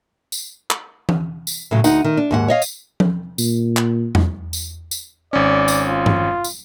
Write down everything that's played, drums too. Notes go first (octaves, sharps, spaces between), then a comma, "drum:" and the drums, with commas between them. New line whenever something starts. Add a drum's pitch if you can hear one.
drum: tambourine
drum: clap
drum: tom E3
drum: tambourine
A2 C#3 F#3
D2 D#4 F#5, drum: tambourine
D#3
D4
D#2 G#2 F#5
C#5 D#5 F5
drum: tambourine
drum: tom F3
A#2, drum: tambourine
drum: clap
drum: tom E2
drum: tambourine
drum: tambourine
G#1 C#4 D5
drum: tambourine
F4
drum: tom G2
drum: tambourine